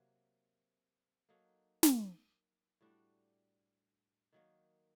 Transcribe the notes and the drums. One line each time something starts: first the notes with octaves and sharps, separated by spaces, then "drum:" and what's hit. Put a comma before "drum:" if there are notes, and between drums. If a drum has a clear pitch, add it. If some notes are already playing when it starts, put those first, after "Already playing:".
Already playing: C3 F#3 A#3
F#3 A#3 D#4 A4
drum: snare
A2 G3 D4 F#4
D#3 F#3 A#3 D#4